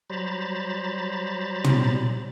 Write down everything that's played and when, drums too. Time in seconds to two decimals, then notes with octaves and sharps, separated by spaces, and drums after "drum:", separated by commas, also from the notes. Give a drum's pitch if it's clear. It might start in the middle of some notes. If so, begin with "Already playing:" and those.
0.10 F#3 G3 C5 A#5 B5 A6
1.64 drum: tom